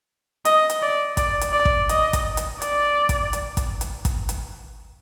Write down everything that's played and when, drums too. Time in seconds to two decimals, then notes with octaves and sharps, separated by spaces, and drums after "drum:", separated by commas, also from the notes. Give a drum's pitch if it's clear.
0.45 D#5, drum: hi-hat
0.70 drum: hi-hat
0.82 D5
1.17 D5, drum: kick, hi-hat
1.41 drum: hi-hat
1.53 D5
1.65 drum: kick
1.89 D#5, drum: hi-hat
2.13 drum: kick, hi-hat
2.37 drum: hi-hat
2.62 D5, drum: hi-hat
3.09 drum: kick, hi-hat
3.33 drum: hi-hat
3.57 drum: kick, hi-hat
3.81 drum: hi-hat
4.05 drum: kick, hi-hat
4.29 drum: hi-hat